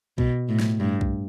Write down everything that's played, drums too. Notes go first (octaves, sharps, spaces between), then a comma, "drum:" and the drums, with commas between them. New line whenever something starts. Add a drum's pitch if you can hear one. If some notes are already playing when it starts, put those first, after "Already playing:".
B2, drum: kick B1
A2
drum: snare
G2
drum: kick B1